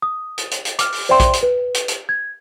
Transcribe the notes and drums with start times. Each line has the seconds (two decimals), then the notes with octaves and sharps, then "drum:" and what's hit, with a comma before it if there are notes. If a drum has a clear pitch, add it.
0.02 D#6
0.38 drum: hi-hat
0.51 drum: hi-hat
0.65 drum: hi-hat
0.79 D6 F6, drum: hi-hat
0.92 drum: open hi-hat
1.09 C5 D5 E5 G5 C6
1.20 drum: kick, hi-hat
1.33 drum: hi-hat
1.43 B4
1.74 drum: hi-hat
1.88 drum: hi-hat
2.09 G#6